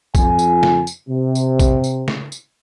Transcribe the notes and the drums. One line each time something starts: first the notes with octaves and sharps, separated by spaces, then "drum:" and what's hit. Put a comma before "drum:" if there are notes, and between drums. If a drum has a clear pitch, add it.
F2 F4 G#5, drum: kick A#1, tambourine
drum: tambourine
drum: snare
drum: tambourine
C3
drum: tambourine
drum: kick A#1, tambourine
drum: tambourine
drum: snare
drum: tambourine